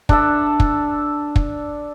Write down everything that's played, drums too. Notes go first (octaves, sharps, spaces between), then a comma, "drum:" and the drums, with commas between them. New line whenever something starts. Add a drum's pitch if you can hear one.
D4 A4 E5, drum: kick
drum: kick
drum: kick